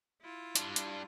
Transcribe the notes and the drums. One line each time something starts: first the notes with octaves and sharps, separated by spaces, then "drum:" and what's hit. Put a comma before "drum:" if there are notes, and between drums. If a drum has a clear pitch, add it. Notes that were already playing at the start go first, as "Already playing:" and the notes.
E4 F4
G3 D4, drum: hi-hat
drum: hi-hat